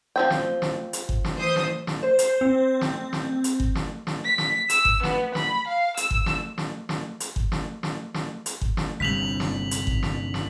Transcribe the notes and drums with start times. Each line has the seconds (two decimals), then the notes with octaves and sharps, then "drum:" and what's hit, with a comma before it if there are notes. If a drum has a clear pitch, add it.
0.16 F3 C4 G5
0.30 drum: snare
0.62 drum: snare
0.93 drum: hi-hat
1.09 drum: kick G1
1.24 drum: snare
1.36 E3 C5 D#6
1.56 drum: snare
1.87 drum: snare
2.03 C5
2.19 drum: hi-hat
2.41 C4
2.81 drum: snare
3.13 drum: snare
3.44 drum: hi-hat
3.60 drum: kick G1
3.75 drum: snare
4.07 drum: snare
4.25 B6
4.38 drum: snare
4.69 E6, drum: hi-hat
4.85 drum: kick G1
5.03 B3, drum: snare
5.35 B5, drum: snare
5.68 F5
5.97 E6, drum: hi-hat
6.11 drum: kick G1
6.26 drum: snare
6.58 drum: snare
6.89 drum: snare
7.20 drum: hi-hat
7.36 drum: kick G1
7.52 drum: snare
7.83 drum: snare
8.14 drum: snare
8.46 drum: hi-hat
8.61 drum: kick G1
8.77 drum: snare
9.00 G1 C2 G2 B6 F7 F#7
9.40 drum: snare
9.71 drum: hi-hat
9.87 drum: kick G1
10.03 drum: snare
10.34 drum: snare